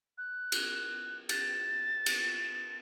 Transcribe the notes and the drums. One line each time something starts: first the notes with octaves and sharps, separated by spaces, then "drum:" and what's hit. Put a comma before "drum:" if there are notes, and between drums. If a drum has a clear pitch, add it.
F#6
drum: cymbal
A6, drum: cymbal
drum: cymbal